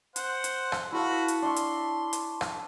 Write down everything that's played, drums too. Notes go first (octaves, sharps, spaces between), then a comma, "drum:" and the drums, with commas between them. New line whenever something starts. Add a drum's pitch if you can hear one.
C5 F#5, drum: hi-hat
drum: hi-hat
drum: rim click
E4 F#4 A4 B4 F5
drum: hi-hat
D4 E5 C6 C#6
drum: hi-hat
drum: hi-hat
drum: rim click